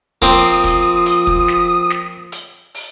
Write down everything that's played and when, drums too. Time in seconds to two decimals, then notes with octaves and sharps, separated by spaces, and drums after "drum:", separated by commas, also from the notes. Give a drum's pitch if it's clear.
0.22 F3 A#3 C4 D#6, drum: kick, hi-hat
0.64 drum: kick, hi-hat
1.06 drum: hi-hat
1.27 drum: kick
1.48 drum: snare
1.90 drum: snare
2.32 drum: hi-hat
2.74 drum: open hi-hat